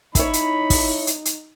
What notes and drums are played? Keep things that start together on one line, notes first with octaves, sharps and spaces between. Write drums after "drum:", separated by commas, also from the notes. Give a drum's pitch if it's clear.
D#4 E4 C#5 B5, drum: kick, hi-hat
drum: hi-hat
drum: kick, open hi-hat
drum: hi-hat
drum: hi-hat